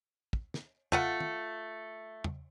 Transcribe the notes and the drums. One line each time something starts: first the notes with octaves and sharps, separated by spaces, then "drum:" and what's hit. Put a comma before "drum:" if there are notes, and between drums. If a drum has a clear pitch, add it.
drum: kick
drum: snare
A3 F4 F#5, drum: tom
drum: tom
drum: tom